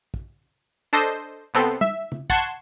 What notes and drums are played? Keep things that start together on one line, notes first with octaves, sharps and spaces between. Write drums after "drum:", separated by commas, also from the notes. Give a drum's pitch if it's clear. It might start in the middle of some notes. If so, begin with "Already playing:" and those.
drum: kick
D4 A4 C5 D#5
C2 B3 C4 A4 C6
E5, drum: tom
drum: tom
F#5 A5 C6 C#6 G#6 E7, drum: kick